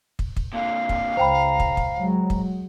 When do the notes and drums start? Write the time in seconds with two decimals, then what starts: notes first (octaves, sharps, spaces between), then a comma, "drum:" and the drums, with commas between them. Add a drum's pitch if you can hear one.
0.19 drum: kick
0.37 drum: kick
0.54 A#2 D3 F5
0.89 drum: kick
1.17 C#2 C5 G5 A#5 B5
1.60 drum: kick
1.77 drum: kick
1.98 F#3 G#3
2.30 drum: kick